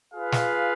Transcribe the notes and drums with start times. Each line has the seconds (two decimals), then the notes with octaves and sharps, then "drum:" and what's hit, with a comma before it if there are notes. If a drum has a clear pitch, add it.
0.14 F4 G#4 B4 F5
0.32 drum: snare